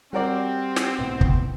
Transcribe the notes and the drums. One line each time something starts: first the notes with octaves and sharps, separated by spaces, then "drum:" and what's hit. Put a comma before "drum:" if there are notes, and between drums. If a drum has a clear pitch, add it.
G3 C4 F#4 A#4 D5
drum: snare
C2 A2 C3 B3
drum: kick